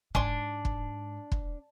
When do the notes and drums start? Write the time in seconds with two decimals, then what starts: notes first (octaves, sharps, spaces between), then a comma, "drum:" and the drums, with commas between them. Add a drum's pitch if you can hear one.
0.15 G#2 D4 G#5 C6, drum: kick
0.65 drum: kick
1.32 drum: kick